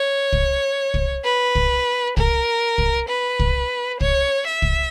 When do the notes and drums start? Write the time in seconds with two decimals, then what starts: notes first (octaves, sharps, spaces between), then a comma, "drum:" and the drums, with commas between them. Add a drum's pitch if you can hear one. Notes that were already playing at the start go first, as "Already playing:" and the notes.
Already playing: C#5
0.33 drum: kick
0.94 drum: kick
1.25 B4
1.55 drum: kick
2.17 A#4, drum: kick
2.78 drum: kick
3.09 B4
3.39 drum: kick
4.01 C#5, drum: kick
4.47 E5
4.62 drum: kick